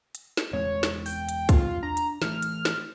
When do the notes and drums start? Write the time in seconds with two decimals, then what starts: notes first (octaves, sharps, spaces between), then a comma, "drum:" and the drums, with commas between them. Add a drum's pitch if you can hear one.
0.15 drum: hi-hat
0.37 drum: snare
0.53 E2 G#3 C4 C#5
0.83 drum: snare
1.06 G5, drum: open hi-hat
1.29 drum: hi-hat
1.49 F4, drum: kick, hi-hat
1.83 D4 A#5
1.97 drum: hi-hat
2.22 E3 A3 F6, drum: snare
2.42 drum: hi-hat
2.65 drum: snare